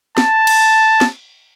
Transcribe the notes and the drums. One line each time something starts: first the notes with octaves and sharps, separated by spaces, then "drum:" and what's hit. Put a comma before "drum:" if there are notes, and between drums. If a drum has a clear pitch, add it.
A5, drum: snare
drum: cymbal
drum: snare